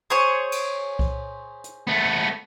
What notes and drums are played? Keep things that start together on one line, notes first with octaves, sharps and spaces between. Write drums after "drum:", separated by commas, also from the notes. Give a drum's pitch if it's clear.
G#4 C5 C#5
drum: cymbal
drum: kick C2
drum: hi-hat
A3 B3